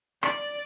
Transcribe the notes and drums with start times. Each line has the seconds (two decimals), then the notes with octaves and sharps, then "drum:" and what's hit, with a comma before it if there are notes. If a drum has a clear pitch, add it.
0.23 D5, drum: rim click